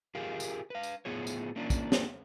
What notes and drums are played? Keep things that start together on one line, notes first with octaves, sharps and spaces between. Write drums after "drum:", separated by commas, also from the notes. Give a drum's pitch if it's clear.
F4 G4 G#4 A#4 F5
drum: tambourine
B4 F5
drum: tambourine
A2 B3 F4 G#4 C#5
drum: tambourine
A#3 C#4 D4 F4
drum: kick, tambourine
drum: snare